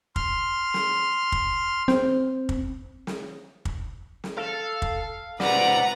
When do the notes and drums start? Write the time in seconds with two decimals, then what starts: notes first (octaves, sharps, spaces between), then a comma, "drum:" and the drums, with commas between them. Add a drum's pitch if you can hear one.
0.16 C6 F6, drum: kick
0.74 drum: snare
1.32 drum: kick
1.88 C4, drum: snare
2.49 drum: kick
3.07 drum: snare
3.65 drum: kick
4.24 drum: snare
4.37 A4 F5
4.82 drum: kick
5.40 C#2 C3 B4 D5 F#5 A#5, drum: snare